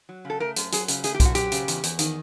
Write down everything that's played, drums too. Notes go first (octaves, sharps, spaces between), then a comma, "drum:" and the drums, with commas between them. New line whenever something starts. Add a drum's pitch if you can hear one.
F#3
C#3
A4
A3 A#4
F#2, drum: hi-hat
F#3 G#4, drum: hi-hat
C#3, drum: hi-hat
A3 G#4, drum: hi-hat
G4
F#2, drum: kick B1, hi-hat
F#4
F#3 G4, drum: hi-hat
C#3, drum: hi-hat
E2, drum: hi-hat
E2, drum: hi-hat
D#3, drum: hi-hat